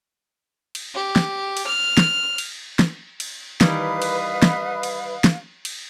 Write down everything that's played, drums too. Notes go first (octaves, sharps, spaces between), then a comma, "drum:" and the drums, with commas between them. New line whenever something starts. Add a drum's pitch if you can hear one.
drum: cymbal
G4
drum: snare
drum: cymbal
F6
drum: snare
drum: cymbal
drum: snare
drum: cymbal
D#3 E3 G3 B4 D#5 F5, drum: snare
drum: cymbal
drum: snare
drum: cymbal
drum: snare
drum: cymbal